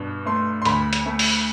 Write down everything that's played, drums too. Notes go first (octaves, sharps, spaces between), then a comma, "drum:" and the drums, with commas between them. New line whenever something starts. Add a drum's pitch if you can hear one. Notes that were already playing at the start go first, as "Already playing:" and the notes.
Already playing: G2 B2
A3 C6
C6
D2 B5, drum: hi-hat
drum: hi-hat
A3
drum: open hi-hat